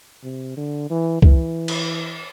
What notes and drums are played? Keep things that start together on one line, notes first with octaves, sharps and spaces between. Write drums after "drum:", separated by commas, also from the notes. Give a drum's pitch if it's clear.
C3
D3
E3
E3, drum: kick
drum: cymbal